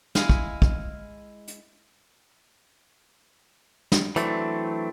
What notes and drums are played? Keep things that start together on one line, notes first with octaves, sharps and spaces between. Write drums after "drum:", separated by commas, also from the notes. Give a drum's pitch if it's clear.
G#3 E4 F5 G#5, drum: snare
drum: kick
drum: kick
drum: hi-hat
drum: snare
E3 F#3 A3 C4 D4, drum: hi-hat